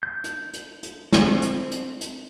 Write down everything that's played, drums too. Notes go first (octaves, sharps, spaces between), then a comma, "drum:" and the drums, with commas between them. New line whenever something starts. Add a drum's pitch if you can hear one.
G6
drum: hi-hat
drum: hi-hat
drum: hi-hat
C4, drum: snare
drum: hi-hat
drum: hi-hat
drum: hi-hat